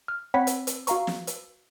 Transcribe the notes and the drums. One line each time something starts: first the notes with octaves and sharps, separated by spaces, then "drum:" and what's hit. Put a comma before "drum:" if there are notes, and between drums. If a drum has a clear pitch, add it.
F6
C4 C#5 F#5 G5 B5 B6
drum: hi-hat
drum: hi-hat
F#4 F5 A#5 C#6, drum: hi-hat
drum: snare
drum: hi-hat